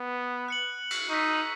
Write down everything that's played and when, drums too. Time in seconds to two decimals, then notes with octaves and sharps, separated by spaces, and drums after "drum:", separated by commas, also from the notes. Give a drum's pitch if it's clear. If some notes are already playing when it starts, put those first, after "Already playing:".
Already playing: B3
0.48 F#6 C#7 F#7
0.90 drum: cymbal
1.09 D#4 C#6 E6 B6